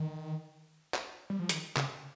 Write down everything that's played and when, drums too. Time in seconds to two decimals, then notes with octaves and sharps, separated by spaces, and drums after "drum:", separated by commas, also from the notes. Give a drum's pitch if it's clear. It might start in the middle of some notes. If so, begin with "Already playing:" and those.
Already playing: D#3
0.94 drum: clap
1.30 G3
1.39 F3
1.49 D#3, drum: hi-hat
1.76 C#3, drum: clap